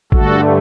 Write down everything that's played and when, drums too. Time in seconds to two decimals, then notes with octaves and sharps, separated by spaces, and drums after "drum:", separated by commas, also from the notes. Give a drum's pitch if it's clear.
0.12 G2 D3 A3 F#4 A4, drum: kick A1